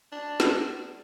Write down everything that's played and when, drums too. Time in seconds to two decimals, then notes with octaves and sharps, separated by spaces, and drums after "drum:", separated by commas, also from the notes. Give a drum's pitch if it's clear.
0.12 D4
0.40 drum: snare